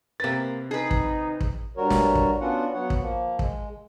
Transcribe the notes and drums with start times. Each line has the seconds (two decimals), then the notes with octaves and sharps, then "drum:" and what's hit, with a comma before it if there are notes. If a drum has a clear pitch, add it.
0.20 C3 A#3 B4 A6
0.71 D#4 G#4 B4
0.91 drum: kick
1.41 drum: kick
1.77 G2 G3 F#4 A#4 C#5
1.90 drum: snare
2.15 drum: kick
2.40 B3 C#4 D4 F4 F#4 F#5
2.74 F#3 B3 C#5 F#5
2.90 drum: kick
3.00 F3 A#3
3.39 G#3, drum: kick